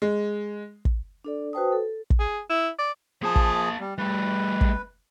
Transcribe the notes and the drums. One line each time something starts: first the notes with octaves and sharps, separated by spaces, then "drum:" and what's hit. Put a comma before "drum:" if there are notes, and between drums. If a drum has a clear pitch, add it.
G#3
drum: kick
D4 A4 D5
F#4 B4 C5 G5 A5 D#6
A4
drum: kick
G#4
E4
D5
F3 A#3 G#4 A5
drum: kick
G3
G3 A3 B4
drum: kick